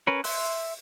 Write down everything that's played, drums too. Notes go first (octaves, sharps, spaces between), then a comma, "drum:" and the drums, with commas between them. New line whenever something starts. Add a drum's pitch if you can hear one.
C#4 A#4 B4 C#5
E5 C6 E6 F#6, drum: open hi-hat